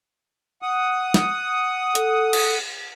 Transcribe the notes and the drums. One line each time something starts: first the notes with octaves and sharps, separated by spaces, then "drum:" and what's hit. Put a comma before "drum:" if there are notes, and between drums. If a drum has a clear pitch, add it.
F#5 D#6
drum: snare
A4, drum: hi-hat
drum: cymbal